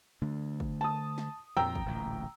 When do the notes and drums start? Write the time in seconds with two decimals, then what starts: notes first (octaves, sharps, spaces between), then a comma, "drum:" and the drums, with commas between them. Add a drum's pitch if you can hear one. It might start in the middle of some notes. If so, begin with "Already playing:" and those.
0.22 D3 A3 D4
0.60 drum: kick
0.81 A5 D#6
1.18 drum: snare
1.57 F2 A#2 F3 G5 A#5 E6
1.75 drum: kick
1.85 D1 A1 A#2